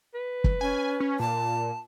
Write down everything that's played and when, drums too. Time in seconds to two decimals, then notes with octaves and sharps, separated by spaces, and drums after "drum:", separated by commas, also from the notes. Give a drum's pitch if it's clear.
0.14 B4
0.44 drum: kick
0.61 C#4 G#5
1.00 C#4
1.19 A#2 A5